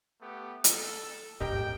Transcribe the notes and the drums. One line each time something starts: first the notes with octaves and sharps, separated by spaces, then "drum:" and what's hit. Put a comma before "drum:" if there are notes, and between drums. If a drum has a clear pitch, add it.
A3 B3 G4
A4, drum: hi-hat
D#1 G#1 G2 G4 A#4 D#5 G5